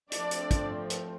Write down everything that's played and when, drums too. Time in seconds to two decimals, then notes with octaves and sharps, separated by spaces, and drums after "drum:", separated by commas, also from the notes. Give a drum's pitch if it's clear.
0.12 F3 A3 C4 D4 D5, drum: hi-hat
0.31 drum: hi-hat
0.51 drum: kick, hi-hat
0.90 drum: hi-hat